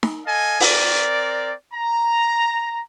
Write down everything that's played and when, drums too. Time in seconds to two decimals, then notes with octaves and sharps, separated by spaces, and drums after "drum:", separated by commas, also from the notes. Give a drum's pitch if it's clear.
0.03 drum: snare D#4
0.25 A4 D#5 F5 G#5
0.60 C4 A#4 D5, drum: open hi-hat
1.73 A#5